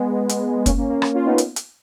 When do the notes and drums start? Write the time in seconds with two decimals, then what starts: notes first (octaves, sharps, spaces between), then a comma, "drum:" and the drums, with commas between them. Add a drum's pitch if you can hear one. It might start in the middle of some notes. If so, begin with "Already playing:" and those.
Already playing: G#3 B3
0.29 drum: hi-hat
0.56 B3
0.66 A#3 C#4, drum: kick, hi-hat
0.78 A#3 C#4
0.90 A#3
1.02 A#3, drum: rim click
1.14 C#4 F4
1.25 B3 D#4
1.38 drum: hi-hat
1.56 drum: hi-hat